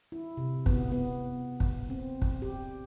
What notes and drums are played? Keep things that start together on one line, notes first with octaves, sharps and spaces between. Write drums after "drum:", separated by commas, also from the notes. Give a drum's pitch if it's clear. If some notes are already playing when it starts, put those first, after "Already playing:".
E4
C3
B3, drum: kick
B3
drum: kick
C4
drum: kick
G4